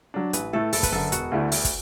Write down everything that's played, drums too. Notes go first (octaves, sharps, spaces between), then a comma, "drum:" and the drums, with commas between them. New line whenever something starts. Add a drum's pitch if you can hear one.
F#3 D4
A1 B4, drum: hi-hat
A2 A3 E4 A4
F#1 A4, drum: open hi-hat
B4, drum: kick, hi-hat
F#2 D3 A4
E1 F#4, drum: hi-hat
D2 D3 A3 E4
D2, drum: open hi-hat
drum: kick, hi-hat